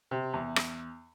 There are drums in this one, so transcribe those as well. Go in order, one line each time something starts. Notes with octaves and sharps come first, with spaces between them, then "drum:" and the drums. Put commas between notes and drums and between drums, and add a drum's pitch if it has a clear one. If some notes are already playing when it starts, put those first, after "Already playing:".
C3
E2
drum: rim click